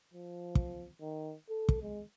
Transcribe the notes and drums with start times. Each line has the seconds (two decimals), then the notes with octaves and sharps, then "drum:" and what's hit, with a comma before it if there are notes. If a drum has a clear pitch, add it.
0.14 F3
0.55 drum: kick
1.01 D#3
1.50 A4
1.69 drum: kick
1.82 G#3